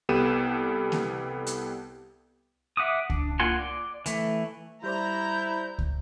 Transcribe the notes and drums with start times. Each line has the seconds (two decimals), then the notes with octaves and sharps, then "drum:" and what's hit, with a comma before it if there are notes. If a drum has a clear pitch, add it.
0.09 C2 B3 G4 A4 D#7 E7
0.92 drum: snare A#3
1.47 drum: hi-hat
2.77 E5 F#5 D6 D#6
3.10 D4, drum: kick C#2
3.40 A#3 F4 F#5 G#5 C6
3.59 D5
4.06 E3 A3, drum: hi-hat
4.83 G3 E4 C5 D5 A#5 G6
5.78 drum: kick C#2